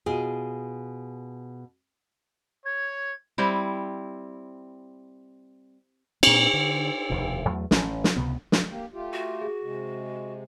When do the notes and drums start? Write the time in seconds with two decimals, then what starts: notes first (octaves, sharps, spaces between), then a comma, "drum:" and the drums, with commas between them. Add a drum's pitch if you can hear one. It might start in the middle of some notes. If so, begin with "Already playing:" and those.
0.06 B2 F4 G#4
2.65 C#5 G#6
3.38 G3 C4 E4
6.23 A#2 C4, drum: cymbal
6.53 D3
7.10 F1 D#2 B2
7.45 E2 F#3 A3
7.71 A1 C#4, drum: snare
8.04 drum: snare
8.16 C#2 C3 B3
8.52 drum: snare
8.70 A#3 G4
8.93 A3 F4 G4
9.14 F#4
9.41 G#4
9.63 C3 G#3